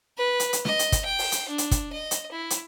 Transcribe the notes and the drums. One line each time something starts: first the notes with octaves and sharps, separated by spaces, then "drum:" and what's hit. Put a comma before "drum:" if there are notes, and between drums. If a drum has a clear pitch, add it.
B4
drum: hi-hat
drum: hi-hat
D#5, drum: snare
drum: hi-hat
drum: kick, hi-hat
G5
drum: open hi-hat
drum: hi-hat
D4
drum: hi-hat
drum: kick, hi-hat
D#5
drum: hi-hat
E4
drum: hi-hat